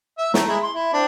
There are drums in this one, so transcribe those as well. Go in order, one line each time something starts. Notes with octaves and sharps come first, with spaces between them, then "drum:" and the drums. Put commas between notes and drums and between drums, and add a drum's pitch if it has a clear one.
E5
A3 A#5, drum: snare
G#3 E4 A#5
C6
E4
C4 D4